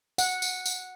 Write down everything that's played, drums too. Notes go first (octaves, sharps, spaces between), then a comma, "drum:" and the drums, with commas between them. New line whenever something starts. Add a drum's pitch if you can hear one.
F#5, drum: tambourine
drum: tambourine
drum: tambourine